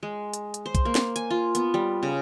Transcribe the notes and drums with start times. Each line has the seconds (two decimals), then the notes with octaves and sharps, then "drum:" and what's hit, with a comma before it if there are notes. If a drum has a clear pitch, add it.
0.03 G#3
0.34 drum: hi-hat
0.54 drum: hi-hat
0.66 C5
0.75 drum: kick, hi-hat
0.85 A#3
0.95 drum: snare
1.16 G#5, drum: hi-hat
1.30 F4
1.55 B3, drum: hi-hat
1.74 G3
2.03 C#3